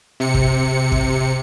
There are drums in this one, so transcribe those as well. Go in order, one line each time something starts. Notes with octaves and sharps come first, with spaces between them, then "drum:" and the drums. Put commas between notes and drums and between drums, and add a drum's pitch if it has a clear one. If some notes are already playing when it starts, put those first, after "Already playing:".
C3 C#7
drum: kick
drum: kick